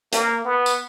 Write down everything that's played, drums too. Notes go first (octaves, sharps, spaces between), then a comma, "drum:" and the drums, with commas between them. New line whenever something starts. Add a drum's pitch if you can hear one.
A#3, drum: hi-hat
B3
drum: tambourine